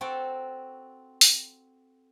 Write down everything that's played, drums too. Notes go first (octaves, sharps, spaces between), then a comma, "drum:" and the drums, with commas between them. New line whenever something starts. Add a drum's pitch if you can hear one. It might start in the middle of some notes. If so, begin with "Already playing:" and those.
C4 F#4 A4 G5 A5
drum: open hi-hat